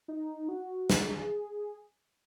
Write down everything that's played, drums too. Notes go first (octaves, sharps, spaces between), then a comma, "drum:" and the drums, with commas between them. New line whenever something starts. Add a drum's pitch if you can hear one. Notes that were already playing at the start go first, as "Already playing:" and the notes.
D#4
F#4
G#4, drum: snare